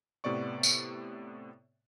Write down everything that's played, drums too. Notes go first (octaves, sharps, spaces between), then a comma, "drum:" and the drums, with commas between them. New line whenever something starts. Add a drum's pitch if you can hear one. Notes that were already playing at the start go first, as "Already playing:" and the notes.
A2 C3 B3 D5 C#6
drum: tambourine